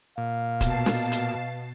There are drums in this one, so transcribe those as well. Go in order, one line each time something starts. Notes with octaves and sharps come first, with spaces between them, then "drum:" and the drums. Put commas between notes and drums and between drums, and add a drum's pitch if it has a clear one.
A#2 F5
B2 A5 C7, drum: kick, hi-hat
drum: snare
drum: hi-hat